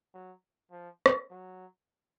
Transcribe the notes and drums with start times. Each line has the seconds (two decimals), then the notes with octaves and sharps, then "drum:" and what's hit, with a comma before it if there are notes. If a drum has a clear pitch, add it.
0.14 F#3
0.71 F3
1.06 drum: rim click
1.31 F#3